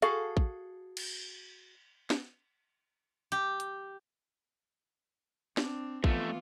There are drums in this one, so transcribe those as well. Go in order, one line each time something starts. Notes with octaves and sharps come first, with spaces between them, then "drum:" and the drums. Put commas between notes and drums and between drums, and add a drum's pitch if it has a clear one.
F#4 G#4 A4 F5, drum: hi-hat
drum: kick
drum: cymbal
drum: snare
G4, drum: hi-hat
drum: hi-hat
C4 D4, drum: snare
F2 E3 A3 B3 F4, drum: kick